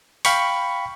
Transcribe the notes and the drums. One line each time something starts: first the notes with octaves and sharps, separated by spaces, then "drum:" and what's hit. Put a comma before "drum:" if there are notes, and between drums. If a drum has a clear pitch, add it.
F5 G5 B5 C#6, drum: open hi-hat